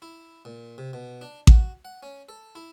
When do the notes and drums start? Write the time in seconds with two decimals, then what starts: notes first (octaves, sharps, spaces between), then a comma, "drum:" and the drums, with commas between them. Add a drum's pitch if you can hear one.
0.02 E4
0.45 A#2
0.78 C3
0.93 B2
1.21 D4
1.47 F#4, drum: kick A1
1.85 F#5
2.03 C#4
2.29 A4
2.55 E4